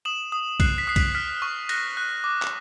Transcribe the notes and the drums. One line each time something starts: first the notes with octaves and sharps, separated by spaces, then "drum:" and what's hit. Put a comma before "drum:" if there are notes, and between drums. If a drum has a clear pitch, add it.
D#6 E7 F#7
D#6
F#6 C7, drum: kick B1, cymbal
B6
D#6 C7
B6, drum: kick B1, cymbal
F6 B6
C#6
F#6 A#6, drum: cymbal
F#6
D6
drum: clap